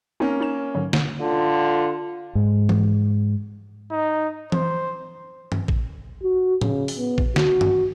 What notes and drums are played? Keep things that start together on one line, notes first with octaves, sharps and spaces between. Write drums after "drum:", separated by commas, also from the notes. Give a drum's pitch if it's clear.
A#3 C4 C#4 D#4 A#4
D#4 C#5 E7
G#2 D3 F#3
drum: snare
D3 F4
G#2
drum: tom E3
D#4
C5, drum: tom E3
drum: tom G2
drum: kick A1
F#4
C#3, drum: tom A2
drum: open hi-hat
B3
drum: kick A1
F#4, drum: snare
drum: tom G2